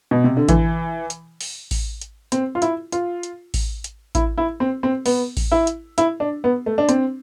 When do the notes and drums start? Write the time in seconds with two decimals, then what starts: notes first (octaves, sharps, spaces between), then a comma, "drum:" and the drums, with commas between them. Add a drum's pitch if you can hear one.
0.11 B2
0.24 C3
0.37 D3
0.49 E3, drum: kick A1, hi-hat
1.10 drum: hi-hat
1.41 drum: open hi-hat
1.71 drum: kick A1, open hi-hat
2.01 drum: hi-hat
2.32 C4, drum: hi-hat
2.55 F4
2.62 E4, drum: hi-hat
2.92 F4, drum: hi-hat
3.23 drum: hi-hat
3.54 drum: kick A1, open hi-hat
3.84 drum: hi-hat
4.15 E4, drum: kick A1, hi-hat
4.38 E4
4.60 C4
4.83 C4
5.06 B3, drum: open hi-hat
5.37 drum: kick A1, open hi-hat
5.52 E4
5.67 drum: hi-hat
5.98 E4, drum: hi-hat
6.20 D4
6.44 B3
6.66 A3
6.78 D4
6.89 C4, drum: hi-hat